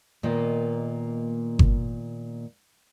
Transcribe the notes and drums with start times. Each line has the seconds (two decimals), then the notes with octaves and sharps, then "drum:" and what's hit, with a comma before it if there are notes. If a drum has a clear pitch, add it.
0.23 A#2 D#3 A#3 B3 D#5
1.59 drum: kick G1